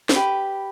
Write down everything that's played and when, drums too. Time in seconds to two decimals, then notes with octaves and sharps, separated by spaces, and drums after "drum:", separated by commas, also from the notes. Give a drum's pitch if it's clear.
0.09 C5, drum: snare
0.16 G4 B4